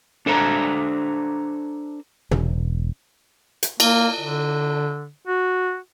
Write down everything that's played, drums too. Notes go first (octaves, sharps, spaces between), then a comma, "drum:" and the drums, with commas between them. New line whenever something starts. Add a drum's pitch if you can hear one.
D4 A4 C5 A#5
E1, drum: tom
drum: hi-hat
A#3, drum: cymbal
D3
F#4